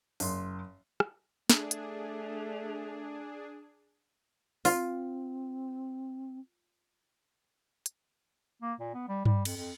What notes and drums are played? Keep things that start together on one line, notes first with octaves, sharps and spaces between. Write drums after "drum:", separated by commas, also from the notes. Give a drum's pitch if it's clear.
F#1 C6, drum: open hi-hat
drum: rim click
A3 D4 G#4, drum: snare
drum: hi-hat
C4 F4, drum: open hi-hat
drum: hi-hat
A#3
A#2
B3
G3
G3, drum: tom G2
F2, drum: cymbal
F2